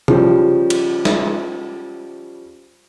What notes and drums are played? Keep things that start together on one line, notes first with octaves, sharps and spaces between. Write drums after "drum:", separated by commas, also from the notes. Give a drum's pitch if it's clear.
C#3 F3 G3, drum: tom
drum: cymbal
drum: snare